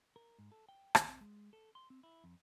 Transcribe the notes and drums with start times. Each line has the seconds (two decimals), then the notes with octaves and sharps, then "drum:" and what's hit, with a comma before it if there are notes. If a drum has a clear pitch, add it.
0.16 A#4
0.39 G#2
0.52 A4
0.69 G5
0.95 D#3, drum: rim click
1.08 C4
1.21 G#3
1.53 A4
1.75 C6
1.90 C4
2.03 E4
2.24 F2